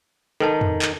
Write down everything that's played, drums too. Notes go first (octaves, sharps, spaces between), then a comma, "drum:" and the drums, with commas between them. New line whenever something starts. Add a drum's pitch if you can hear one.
D#3 A4 B4 A5
drum: tom E2
drum: clap